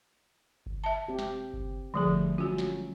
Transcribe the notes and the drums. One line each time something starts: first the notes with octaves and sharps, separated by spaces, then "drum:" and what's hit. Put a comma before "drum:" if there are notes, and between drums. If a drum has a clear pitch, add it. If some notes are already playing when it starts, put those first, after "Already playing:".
drum: kick G1
E5 A5
C4 G4
drum: snare
drum: kick G1
D3 F3 G3 A3 G#4
drum: kick G1
F#3 C#4 F4 F#4
drum: snare